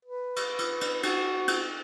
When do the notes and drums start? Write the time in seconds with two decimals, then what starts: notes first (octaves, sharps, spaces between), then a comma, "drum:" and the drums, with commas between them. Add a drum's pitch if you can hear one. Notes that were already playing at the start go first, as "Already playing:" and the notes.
0.05 B4
0.36 drum: cymbal
0.59 drum: cymbal
0.81 drum: cymbal
1.03 F#4, drum: cymbal
1.48 drum: cymbal